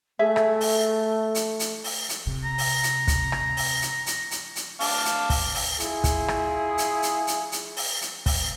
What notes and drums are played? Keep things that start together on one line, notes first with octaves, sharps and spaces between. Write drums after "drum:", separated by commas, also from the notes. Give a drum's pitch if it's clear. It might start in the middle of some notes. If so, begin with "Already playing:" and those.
A3 G#4 E5
drum: rim click
drum: open hi-hat
drum: hi-hat
drum: hi-hat
drum: open hi-hat
drum: hi-hat
C3
A#5
drum: open hi-hat
drum: hi-hat
drum: kick, hi-hat
drum: rim click
drum: open hi-hat
drum: hi-hat
drum: hi-hat
drum: hi-hat
drum: hi-hat
F5 A5 D6, drum: open hi-hat
drum: hi-hat
drum: kick, open hi-hat
drum: open hi-hat
E4 F4 G#4, drum: hi-hat
drum: kick, hi-hat
drum: rim click
drum: hi-hat
drum: hi-hat
drum: hi-hat
drum: hi-hat
drum: open hi-hat
drum: hi-hat
drum: kick, open hi-hat